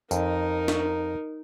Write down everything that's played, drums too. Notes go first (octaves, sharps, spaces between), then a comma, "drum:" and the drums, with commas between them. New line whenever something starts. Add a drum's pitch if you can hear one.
F2 D#4 A#4, drum: tambourine
drum: snare